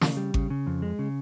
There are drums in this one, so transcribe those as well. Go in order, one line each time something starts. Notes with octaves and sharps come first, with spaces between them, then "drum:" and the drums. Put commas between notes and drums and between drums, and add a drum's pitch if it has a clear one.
C#3, drum: snare
G3
C#3, drum: kick G#1
C#3
F2
G#3
C#3